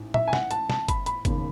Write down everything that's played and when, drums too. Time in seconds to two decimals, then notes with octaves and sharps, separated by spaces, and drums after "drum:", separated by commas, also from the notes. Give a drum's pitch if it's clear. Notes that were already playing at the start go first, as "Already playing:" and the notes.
Already playing: A1 G#2
0.14 E5, drum: tom A#2
0.28 G#5
0.33 F#5, drum: snare
0.51 A5, drum: hi-hat
0.70 A5, drum: snare
0.88 B5, drum: kick, hi-hat
1.06 B5, drum: hi-hat
1.25 E1 D#2 C#3, drum: kick, hi-hat